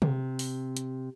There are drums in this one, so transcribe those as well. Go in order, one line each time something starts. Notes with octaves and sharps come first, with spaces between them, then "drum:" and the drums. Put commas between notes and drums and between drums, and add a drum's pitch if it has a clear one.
C3, drum: tom C3
drum: open hi-hat
drum: hi-hat